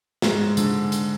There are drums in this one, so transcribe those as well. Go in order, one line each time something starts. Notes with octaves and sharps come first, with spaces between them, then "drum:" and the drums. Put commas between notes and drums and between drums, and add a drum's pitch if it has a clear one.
G#2 G#3, drum: snare
D3, drum: hi-hat
drum: hi-hat